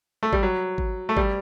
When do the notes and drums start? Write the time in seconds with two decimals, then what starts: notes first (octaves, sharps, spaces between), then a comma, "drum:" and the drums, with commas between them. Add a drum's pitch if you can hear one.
0.23 A3
0.33 G3, drum: kick G#1
0.43 F#3
0.78 drum: kick G#1
1.09 A3
1.17 G3, drum: kick G#1